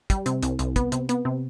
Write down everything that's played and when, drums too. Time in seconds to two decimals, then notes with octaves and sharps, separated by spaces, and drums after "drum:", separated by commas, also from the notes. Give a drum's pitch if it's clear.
0.10 G3, drum: kick, hi-hat
0.26 C3, drum: hi-hat
0.43 C2, drum: hi-hat
0.59 C2, drum: hi-hat
0.76 B3, drum: kick, hi-hat
0.92 C3, drum: hi-hat
1.09 B3, drum: hi-hat
1.25 C3